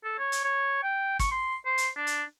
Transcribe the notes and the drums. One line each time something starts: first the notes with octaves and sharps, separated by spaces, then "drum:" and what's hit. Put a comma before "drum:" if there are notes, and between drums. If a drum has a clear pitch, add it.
A4
C#5
drum: hi-hat
C#5
G5
C#6, drum: kick G#1, hi-hat
C6
C5
drum: hi-hat
D4
drum: hi-hat